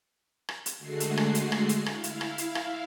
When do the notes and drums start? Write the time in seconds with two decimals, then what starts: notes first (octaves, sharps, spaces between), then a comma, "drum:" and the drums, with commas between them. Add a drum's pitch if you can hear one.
0.49 drum: rim click
0.66 drum: hi-hat
0.79 D3 G#3 A3 F#4 C7
1.00 drum: hi-hat
1.17 drum: rim click
1.35 drum: hi-hat
1.52 drum: rim click
1.69 drum: hi-hat
1.86 E4 F5, drum: rim click
2.04 drum: hi-hat
2.21 drum: rim click
2.38 drum: hi-hat
2.55 drum: rim click